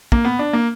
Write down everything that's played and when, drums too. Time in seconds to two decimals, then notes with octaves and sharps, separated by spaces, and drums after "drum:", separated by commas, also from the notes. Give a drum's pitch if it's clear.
0.12 A#3, drum: kick
0.25 B3
0.39 D4
0.53 A#3